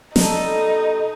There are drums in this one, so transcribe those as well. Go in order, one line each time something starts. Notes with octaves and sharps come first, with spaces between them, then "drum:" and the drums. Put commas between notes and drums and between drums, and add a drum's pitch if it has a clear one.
B2 G3 D#4 A4, drum: snare